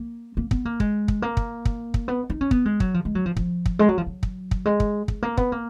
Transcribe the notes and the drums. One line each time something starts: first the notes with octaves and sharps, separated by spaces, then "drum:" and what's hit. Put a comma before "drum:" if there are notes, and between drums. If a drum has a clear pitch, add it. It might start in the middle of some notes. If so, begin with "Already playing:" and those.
Already playing: A#3
A#3
B3, drum: kick
A#3
G#3, drum: kick
drum: kick
A#3
drum: kick
drum: kick
drum: kick
B3
D#4
C#4
B3, drum: kick
G#3
F#3, drum: kick
F3
G#3
F#3
F3
F3, drum: kick
drum: kick
G#3
F#3
F3
F#3
drum: kick
drum: kick
G#3
drum: kick
G#3, drum: kick
A#3
B3, drum: kick
A#3